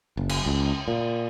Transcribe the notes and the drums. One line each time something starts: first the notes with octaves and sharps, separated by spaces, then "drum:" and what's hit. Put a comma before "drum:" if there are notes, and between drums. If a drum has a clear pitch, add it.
F#1
drum: cymbal
C#2
A#2